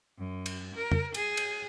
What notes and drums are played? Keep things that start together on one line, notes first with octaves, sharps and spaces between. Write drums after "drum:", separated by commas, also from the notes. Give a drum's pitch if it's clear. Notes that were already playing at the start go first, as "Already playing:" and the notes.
F#2
drum: cymbal
A#4
drum: tom F2
G#4, drum: cymbal
drum: cymbal